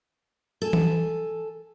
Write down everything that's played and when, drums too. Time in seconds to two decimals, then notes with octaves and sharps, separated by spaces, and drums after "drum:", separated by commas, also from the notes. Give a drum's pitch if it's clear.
0.62 A4 G#5
0.73 drum: tom E3